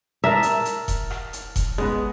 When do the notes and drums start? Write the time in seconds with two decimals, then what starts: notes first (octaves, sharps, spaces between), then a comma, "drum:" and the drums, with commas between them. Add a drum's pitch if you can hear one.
0.24 A#4 E5 A5 A#5
0.43 drum: hi-hat
0.65 drum: hi-hat
0.88 drum: kick E1, hi-hat
1.10 drum: rim click
1.33 drum: hi-hat
1.56 drum: kick E1, hi-hat
1.78 G#3 B3, drum: tom